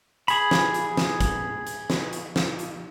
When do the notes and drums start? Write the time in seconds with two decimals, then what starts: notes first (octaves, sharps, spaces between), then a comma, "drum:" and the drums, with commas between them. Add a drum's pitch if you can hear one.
0.28 G#4 B5, drum: hi-hat
0.51 drum: snare
0.74 drum: hi-hat
0.97 drum: snare
1.20 drum: kick, hi-hat
1.67 drum: hi-hat
1.90 drum: snare
2.13 drum: hi-hat
2.36 drum: snare
2.59 drum: hi-hat